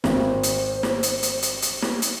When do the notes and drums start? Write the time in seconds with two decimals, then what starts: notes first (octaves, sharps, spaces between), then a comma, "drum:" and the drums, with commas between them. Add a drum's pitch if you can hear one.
0.04 G#1 C5, drum: snare
0.44 drum: hi-hat
0.83 drum: snare
1.03 drum: hi-hat
1.23 drum: hi-hat
1.43 drum: hi-hat
1.62 drum: hi-hat
1.82 drum: snare
2.02 drum: hi-hat